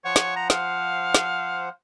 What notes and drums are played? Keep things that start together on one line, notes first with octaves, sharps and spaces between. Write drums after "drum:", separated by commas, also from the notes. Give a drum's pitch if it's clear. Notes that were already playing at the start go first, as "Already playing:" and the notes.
F3 C5 C#5 F#5
drum: snare
A#5
F5, drum: snare
drum: snare